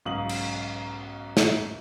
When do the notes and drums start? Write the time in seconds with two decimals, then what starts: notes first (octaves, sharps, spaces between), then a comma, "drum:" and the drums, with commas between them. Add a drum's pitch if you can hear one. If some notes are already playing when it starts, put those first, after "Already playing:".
0.05 B1 G#2 C#3 F5 D#6 F#7
0.29 drum: cymbal
1.37 drum: snare